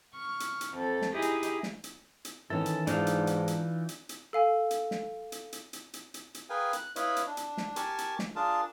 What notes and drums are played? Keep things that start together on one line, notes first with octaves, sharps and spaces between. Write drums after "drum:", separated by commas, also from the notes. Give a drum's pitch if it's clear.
C#6 F6
drum: hi-hat
drum: hi-hat
F2 A4
drum: snare
D#4 E4 G4 G#4 D#5
drum: hi-hat
drum: hi-hat
drum: snare
drum: hi-hat
drum: hi-hat
D#3 E3 C#4 A4
drum: hi-hat
G#2 E3 D4 D#4 F4, drum: hi-hat
drum: hi-hat
drum: hi-hat
drum: hi-hat
drum: hi-hat
drum: hi-hat
A4 F5 G#5
drum: hi-hat
drum: snare
drum: hi-hat
drum: hi-hat
drum: hi-hat
drum: hi-hat
drum: hi-hat
drum: hi-hat
G#4 A#4 B4 F5 G5 G#5
F#6, drum: hi-hat
E4 B4 C#5 D#5 F5 B5, drum: hi-hat
drum: hi-hat
D4
drum: hi-hat
drum: snare
G4 A#4 G#5 A5 C#6, drum: hi-hat
drum: hi-hat
drum: snare
D4 F4 G#4 A#4 A5